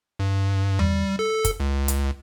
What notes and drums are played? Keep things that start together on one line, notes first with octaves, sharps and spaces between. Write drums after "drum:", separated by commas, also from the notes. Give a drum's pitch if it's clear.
G2
G3, drum: tom E2
A4
drum: kick, hi-hat
C#2
drum: hi-hat